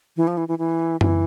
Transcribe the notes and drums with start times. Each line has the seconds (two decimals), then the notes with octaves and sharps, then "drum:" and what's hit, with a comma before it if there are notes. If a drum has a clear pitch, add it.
0.17 E3
0.27 F3
0.37 E3
0.48 E3
0.59 E3
1.01 E3, drum: tom F#2